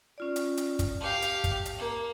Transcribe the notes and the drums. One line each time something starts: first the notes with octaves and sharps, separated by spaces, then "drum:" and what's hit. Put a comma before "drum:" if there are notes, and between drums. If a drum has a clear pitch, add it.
C#4 F4 D5
drum: hi-hat
drum: hi-hat
drum: kick, hi-hat
G4 F5 A5
drum: hi-hat
drum: kick, hi-hat
drum: hi-hat
A#3